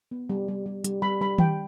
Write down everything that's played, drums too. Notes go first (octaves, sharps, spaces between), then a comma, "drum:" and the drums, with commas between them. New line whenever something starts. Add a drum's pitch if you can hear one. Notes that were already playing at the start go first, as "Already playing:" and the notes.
B3
G3
G3
G3
G3, drum: hi-hat
G3 B5
G3 B5
G3 G5, drum: tom D#3